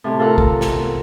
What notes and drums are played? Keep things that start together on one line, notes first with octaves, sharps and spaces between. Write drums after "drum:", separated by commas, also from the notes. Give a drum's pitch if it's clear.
A2 C3
F4 A4 A#4 F#5
drum: kick
drum: snare